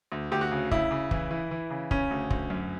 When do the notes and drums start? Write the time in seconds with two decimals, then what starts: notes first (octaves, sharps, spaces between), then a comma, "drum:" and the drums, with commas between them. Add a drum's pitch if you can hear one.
0.12 D2
0.32 D2 G4
0.41 F#4
0.52 C#3
0.71 C#3 E4, drum: kick
0.91 C#3
1.11 E3, drum: kick
1.31 E3
1.51 E3
1.70 C#3
1.91 C#3 C#4, drum: kick
2.11 D2
2.30 D2, drum: kick
2.50 F#2